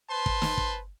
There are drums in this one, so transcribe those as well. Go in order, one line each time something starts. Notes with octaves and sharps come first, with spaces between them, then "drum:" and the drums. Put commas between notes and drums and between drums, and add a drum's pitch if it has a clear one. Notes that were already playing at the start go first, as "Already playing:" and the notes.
B4 C5 A5 C6
drum: kick
drum: snare
drum: kick